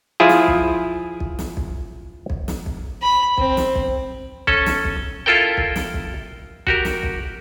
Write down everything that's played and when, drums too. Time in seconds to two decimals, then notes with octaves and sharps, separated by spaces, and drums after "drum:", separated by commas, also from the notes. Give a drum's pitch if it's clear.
0.20 F3 E4 F4 G#4
0.29 drum: snare
0.48 drum: kick B1
1.20 drum: kick B1
1.39 drum: snare
1.57 drum: kick B1
2.30 drum: kick B1
2.48 drum: snare
2.66 drum: kick B1
3.02 B5
3.38 C4, drum: kick B1
3.57 drum: snare
3.75 drum: kick B1
4.47 C#4 A4, drum: kick B1
4.66 drum: snare
4.85 drum: kick B1
5.26 E4 F4 A4 A#4 G5
5.57 drum: kick B1
5.76 drum: snare
5.94 drum: kick B1
6.67 F#4 G4 A#4, drum: kick B1
6.85 drum: snare
7.03 drum: kick B1